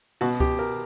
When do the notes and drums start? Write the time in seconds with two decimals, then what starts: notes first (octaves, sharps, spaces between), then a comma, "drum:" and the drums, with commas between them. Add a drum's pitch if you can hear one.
0.21 B2 F#4, drum: cymbal
0.40 G4, drum: kick C#2
0.59 A#4